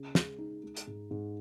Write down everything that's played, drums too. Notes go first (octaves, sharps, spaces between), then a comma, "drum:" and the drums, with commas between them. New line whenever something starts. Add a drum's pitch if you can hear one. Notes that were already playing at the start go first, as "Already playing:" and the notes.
Already playing: C#3
G#3, drum: snare
D#4
G#3
drum: hi-hat
G#2
G#2